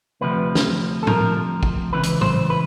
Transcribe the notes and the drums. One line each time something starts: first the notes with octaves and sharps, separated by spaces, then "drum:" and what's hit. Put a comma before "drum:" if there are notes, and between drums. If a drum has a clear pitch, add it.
D2 C3 F3 B4
drum: snare
A4
D2 C3 F3 A#4, drum: tom
drum: kick
C#2 C#3 E3 B4
drum: hi-hat
C5, drum: tom
B4